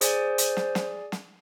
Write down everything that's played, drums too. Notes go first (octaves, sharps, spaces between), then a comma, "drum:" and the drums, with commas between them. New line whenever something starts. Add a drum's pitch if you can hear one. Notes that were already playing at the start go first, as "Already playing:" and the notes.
G#4 C5 D5 G#5, drum: hi-hat
drum: hi-hat
drum: snare
drum: snare
drum: snare